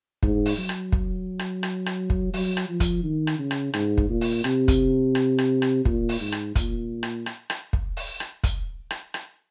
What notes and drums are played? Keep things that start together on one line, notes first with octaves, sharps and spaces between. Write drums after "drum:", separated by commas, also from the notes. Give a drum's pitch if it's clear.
G#2, drum: kick
drum: open hi-hat
F#3
drum: rim click
drum: kick
drum: rim click
drum: rim click
drum: rim click
drum: kick
F#3, drum: open hi-hat
drum: rim click
F3
drum: kick, hi-hat
D#3
drum: rim click
C#3
drum: rim click
G#2, drum: rim click
drum: kick
A#2
drum: open hi-hat
C3, drum: rim click
drum: kick, hi-hat
drum: rim click
drum: rim click
drum: rim click
A#2, drum: kick
drum: open hi-hat
G#2
drum: rim click
A#2, drum: kick, hi-hat
drum: rim click
drum: rim click
drum: rim click
drum: kick
drum: open hi-hat
drum: rim click
drum: kick, hi-hat
drum: rim click
drum: rim click